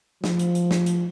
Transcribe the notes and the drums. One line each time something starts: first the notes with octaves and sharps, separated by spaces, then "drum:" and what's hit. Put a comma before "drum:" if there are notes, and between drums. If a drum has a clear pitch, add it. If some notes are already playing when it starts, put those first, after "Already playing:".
F3, drum: snare
drum: hi-hat
drum: hi-hat
drum: snare
drum: hi-hat